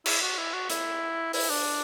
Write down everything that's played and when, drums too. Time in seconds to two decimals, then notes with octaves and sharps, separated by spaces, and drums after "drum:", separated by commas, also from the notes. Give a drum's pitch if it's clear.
0.06 E4, drum: cymbal
0.22 F#4
0.38 E4
0.54 F#4
0.70 E4, drum: hi-hat
1.33 E4, drum: open hi-hat
1.50 D4